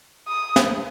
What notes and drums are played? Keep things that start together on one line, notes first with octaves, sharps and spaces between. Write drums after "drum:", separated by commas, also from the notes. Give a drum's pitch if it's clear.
D#6
drum: snare